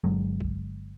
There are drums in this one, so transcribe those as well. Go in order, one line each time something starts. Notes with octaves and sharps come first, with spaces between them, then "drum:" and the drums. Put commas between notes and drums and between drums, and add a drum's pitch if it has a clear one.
G1 F#3 G#3
drum: kick B1